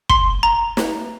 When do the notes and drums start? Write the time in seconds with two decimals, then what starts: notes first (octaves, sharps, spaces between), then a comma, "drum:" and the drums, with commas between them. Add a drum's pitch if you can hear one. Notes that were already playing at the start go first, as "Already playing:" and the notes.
0.10 C6, drum: kick
0.43 A#5
0.77 drum: snare